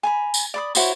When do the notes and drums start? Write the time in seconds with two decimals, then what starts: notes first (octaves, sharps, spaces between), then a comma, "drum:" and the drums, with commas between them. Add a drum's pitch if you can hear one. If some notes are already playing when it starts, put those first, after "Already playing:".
0.03 G#5 A#5 B5
0.34 drum: tambourine
0.54 D5 B5 D#6
0.75 E4 F#4 C5 C#5, drum: tambourine